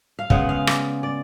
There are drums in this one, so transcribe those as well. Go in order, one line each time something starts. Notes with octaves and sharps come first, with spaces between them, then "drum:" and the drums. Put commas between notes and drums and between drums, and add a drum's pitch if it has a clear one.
F5
C#3 G#3 B3 F#5, drum: kick
F5
D5, drum: rim click
D5